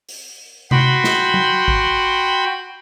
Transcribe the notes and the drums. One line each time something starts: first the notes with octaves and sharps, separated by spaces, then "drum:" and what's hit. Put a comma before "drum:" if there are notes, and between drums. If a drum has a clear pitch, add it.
drum: open hi-hat
F#4 G5 B5 C6, drum: tom C3
drum: snare
drum: tom F#3
drum: kick